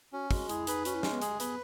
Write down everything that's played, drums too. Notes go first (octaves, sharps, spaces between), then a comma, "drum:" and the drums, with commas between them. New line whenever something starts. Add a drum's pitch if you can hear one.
C#4 F#4
G#3 F#4, drum: kick, open hi-hat
E4 G#4, drum: hi-hat
D#4 B4, drum: hi-hat
C#4 F#4, drum: hi-hat
E4
G#3 D#4, drum: snare
B3
G#4, drum: hi-hat
B3 B4, drum: hi-hat